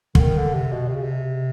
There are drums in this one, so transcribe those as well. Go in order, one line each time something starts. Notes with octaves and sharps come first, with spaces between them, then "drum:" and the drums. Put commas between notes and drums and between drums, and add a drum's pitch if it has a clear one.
D3, drum: kick
D#3
D3
C3
B2
C3
C#3
C3